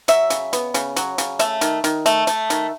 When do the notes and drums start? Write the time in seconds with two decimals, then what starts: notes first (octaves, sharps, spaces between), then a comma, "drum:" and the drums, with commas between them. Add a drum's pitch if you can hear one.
0.08 F#3 E5, drum: hi-hat
0.30 C#3, drum: hi-hat
0.53 B3, drum: hi-hat
0.74 C#3, drum: hi-hat
0.96 F#3, drum: hi-hat
1.18 C#3, drum: hi-hat
1.39 A3 E5, drum: hi-hat
1.61 D#3, drum: hi-hat
1.84 D#3, drum: hi-hat
2.06 A3, drum: hi-hat
2.27 A3, drum: hi-hat
2.50 D#3, drum: hi-hat